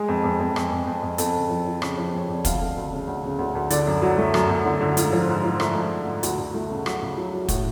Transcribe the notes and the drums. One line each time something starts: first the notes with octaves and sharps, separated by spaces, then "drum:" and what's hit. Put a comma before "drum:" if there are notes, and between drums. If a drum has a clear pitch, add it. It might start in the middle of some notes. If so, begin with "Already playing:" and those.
Already playing: G#3 G#4
F2
F2
F2
F2, drum: rim click
F2
F2
F2
F2 A4, drum: hi-hat
C#3
F3
F3
C#3, drum: rim click
F3
F2 C#5
F2 D5
D2 F5, drum: kick, hi-hat
D2
D2
C#3
D2
C#3
D2
D2
D3 D5, drum: hi-hat
F#2
F#3
A3
F#2, drum: rim click
F#2
D3
D3
G#2 F4, drum: hi-hat
F3
G#2
F3
A3, drum: rim click
G#2
G#2
G#2
D2 F#4, drum: hi-hat
D2
A3
C#3
F#3, drum: rim click
C#3
F#3
F#3
A2 F#4, drum: kick, hi-hat